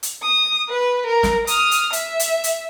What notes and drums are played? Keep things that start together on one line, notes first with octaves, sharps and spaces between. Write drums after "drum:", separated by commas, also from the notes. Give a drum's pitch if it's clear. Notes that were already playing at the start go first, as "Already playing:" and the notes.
drum: hi-hat
D#6
B4
A#4
drum: snare
D#6 F6, drum: hi-hat
drum: hi-hat
E5, drum: hi-hat
drum: hi-hat
drum: hi-hat